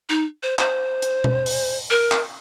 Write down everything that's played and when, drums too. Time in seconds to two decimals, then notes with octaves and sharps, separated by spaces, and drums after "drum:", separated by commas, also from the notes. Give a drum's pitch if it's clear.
0.09 D#4
0.43 C5
0.59 C5, drum: clap
1.02 drum: hi-hat
1.24 drum: tom B2
1.46 drum: open hi-hat
1.90 A#4
2.12 drum: clap